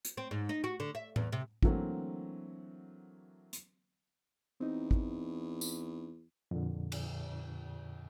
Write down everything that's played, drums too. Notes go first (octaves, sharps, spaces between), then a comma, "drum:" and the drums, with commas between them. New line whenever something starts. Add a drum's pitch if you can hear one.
drum: hi-hat
C4
G#2
D#4
F#4
D3
E5
E2, drum: tom A2
C3
D3 E3 F#3 A3 A#3 C4, drum: kick
drum: hi-hat
E2 C4 D#4
drum: kick
drum: tambourine
F2 A#2 D3
drum: cymbal